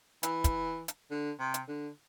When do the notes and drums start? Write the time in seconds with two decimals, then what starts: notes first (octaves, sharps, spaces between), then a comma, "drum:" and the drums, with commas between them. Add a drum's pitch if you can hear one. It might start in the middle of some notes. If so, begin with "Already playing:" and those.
0.23 E3, drum: hi-hat
0.44 drum: kick, hi-hat
0.88 drum: hi-hat
1.11 D3
1.39 C3
1.54 drum: hi-hat
1.68 D3